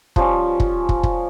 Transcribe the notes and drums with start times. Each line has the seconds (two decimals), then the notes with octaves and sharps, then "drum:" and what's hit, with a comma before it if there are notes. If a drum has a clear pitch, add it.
0.16 F3 G3 C#4, drum: kick
0.60 drum: kick
0.89 drum: kick
1.03 drum: kick